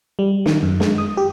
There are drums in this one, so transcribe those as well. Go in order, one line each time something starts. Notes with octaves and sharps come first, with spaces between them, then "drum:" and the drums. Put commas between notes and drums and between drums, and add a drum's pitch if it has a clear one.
G3
D#3, drum: snare
F#2
G#3, drum: snare
D#6
G4